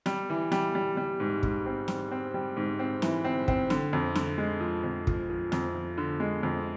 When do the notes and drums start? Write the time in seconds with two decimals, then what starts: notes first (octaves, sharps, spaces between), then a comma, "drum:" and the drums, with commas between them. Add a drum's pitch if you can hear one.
0.06 G3, drum: snare
0.30 E3
0.52 G3, drum: snare
0.75 G3
0.97 G3
1.20 G#2
1.43 G#2, drum: kick
1.66 C4
1.88 G3, drum: snare
2.11 C4
2.34 G3
2.57 G#2
2.79 C4
3.02 E3, drum: snare
3.24 C4
3.48 C4, drum: kick
3.70 D3, drum: snare
3.93 F2
4.15 D3, drum: snare
4.38 G#3
4.61 F3
4.84 F2
5.07 F3, drum: kick
5.30 F3
5.52 F2, drum: snare
5.74 F3
5.98 D3
6.20 G#3
6.43 F2